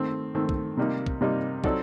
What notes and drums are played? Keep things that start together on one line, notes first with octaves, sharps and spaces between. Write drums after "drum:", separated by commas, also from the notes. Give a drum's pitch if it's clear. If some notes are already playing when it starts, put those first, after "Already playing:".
Already playing: D#3 A3 C4
D#3 A3 C4
drum: kick
C3 G3 A#3 D#4
drum: kick
C3 G3 A#3 D#4
F#3 C4 D#4 A4 D5, drum: kick